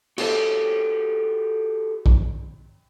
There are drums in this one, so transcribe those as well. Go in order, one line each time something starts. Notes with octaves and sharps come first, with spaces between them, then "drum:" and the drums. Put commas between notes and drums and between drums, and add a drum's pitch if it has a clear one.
F#4 G4 A4 C5, drum: cymbal
drum: kick A#1